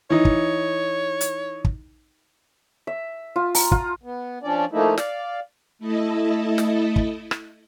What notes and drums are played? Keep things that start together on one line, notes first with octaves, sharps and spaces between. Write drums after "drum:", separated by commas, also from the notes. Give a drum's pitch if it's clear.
E3 D#4 C#5
drum: kick
drum: hi-hat
drum: kick
E5
F4
A#5, drum: open hi-hat
F4, drum: kick
B3
F3 C#4 D4 D5
F3 A3 A#3 D#4 E4
D5 F5, drum: snare
A3 E4 A4 D#5
drum: snare
drum: kick
drum: rim click